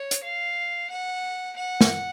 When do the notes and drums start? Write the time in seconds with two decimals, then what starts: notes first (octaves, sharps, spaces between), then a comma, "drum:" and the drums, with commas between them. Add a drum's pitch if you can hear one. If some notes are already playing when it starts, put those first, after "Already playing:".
Already playing: C#5
0.11 drum: hi-hat
0.23 F5
0.90 F#5
1.56 F#5
1.81 drum: snare